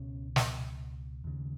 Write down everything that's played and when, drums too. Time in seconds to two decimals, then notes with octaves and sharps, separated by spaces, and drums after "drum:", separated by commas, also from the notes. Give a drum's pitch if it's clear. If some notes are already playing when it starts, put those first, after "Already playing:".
Already playing: C#2 B2 C#4
0.36 drum: snare
1.24 D#2 C#3